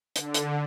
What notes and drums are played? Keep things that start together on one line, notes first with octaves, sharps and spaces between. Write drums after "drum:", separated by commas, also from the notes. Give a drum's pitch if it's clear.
D3, drum: hi-hat
drum: hi-hat